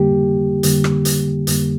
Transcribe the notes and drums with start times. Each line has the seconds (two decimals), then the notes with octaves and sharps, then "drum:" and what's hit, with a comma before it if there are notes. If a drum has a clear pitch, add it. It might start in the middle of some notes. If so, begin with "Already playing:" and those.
Already playing: F2 D3 G3 A#3 G4
0.63 F2 D3 G3 A#3, drum: hi-hat
0.84 drum: rim click
1.05 drum: hi-hat
1.47 F2 D3 G3 A#3, drum: hi-hat